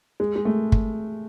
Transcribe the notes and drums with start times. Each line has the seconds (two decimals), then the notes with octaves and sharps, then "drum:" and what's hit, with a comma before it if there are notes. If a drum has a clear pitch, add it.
0.20 G#3
0.36 G#3
0.45 A3
0.72 drum: kick